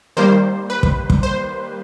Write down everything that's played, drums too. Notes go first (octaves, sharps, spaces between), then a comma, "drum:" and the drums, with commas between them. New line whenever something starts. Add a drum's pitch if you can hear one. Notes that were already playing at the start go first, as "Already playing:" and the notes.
D#3 G3 A#3 C5
B4
drum: kick
drum: kick
C5